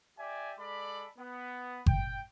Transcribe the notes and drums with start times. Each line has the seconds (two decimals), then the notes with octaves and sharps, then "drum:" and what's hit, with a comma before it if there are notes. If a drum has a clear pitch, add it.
0.18 G4 D5 E5 G#5
0.58 G#3 A4 D5 B5
1.18 B3
1.86 G5, drum: kick G1